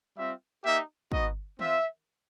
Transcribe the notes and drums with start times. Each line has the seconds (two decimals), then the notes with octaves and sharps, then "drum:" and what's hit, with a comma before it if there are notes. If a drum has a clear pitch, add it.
0.16 G3 C4 F4 E5
0.63 A#3 D#4 G4 E5
1.12 B3 D#4 F#4 D#5, drum: kick
1.59 C4 F4 E5, drum: tom D#3